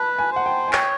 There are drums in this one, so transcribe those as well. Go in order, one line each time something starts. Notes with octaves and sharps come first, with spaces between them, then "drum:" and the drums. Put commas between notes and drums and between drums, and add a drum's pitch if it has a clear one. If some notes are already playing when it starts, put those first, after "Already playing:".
Already playing: B4 A5 B5
G#5
C5 F#5
G5
G#5
C#5 G5, drum: clap